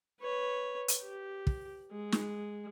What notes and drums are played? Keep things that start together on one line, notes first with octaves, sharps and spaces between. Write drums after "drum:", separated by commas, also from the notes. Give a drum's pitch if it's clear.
B4 C#5
drum: hi-hat
G4
drum: kick
G#3
drum: snare